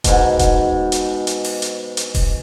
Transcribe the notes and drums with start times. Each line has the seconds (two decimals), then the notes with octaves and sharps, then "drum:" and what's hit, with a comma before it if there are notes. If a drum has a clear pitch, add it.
0.04 G#2 B2, drum: kick D#1, hi-hat
0.39 drum: kick D#1, hi-hat
0.92 drum: hi-hat
1.27 drum: hi-hat
1.44 drum: open hi-hat
1.62 drum: hi-hat
1.97 drum: hi-hat
2.15 drum: kick D#1, open hi-hat